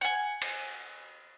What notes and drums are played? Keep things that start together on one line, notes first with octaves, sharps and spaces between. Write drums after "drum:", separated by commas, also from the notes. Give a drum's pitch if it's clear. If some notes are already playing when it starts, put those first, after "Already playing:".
F#5 G#5
drum: cymbal